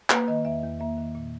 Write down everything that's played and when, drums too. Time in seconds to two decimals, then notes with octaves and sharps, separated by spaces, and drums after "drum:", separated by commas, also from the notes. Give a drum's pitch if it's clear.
0.10 A#3 B4, drum: clap
0.28 D#3 D#5
0.45 E2 E5
0.63 E2
0.80 A#3 E5
0.98 D#3
1.15 A#2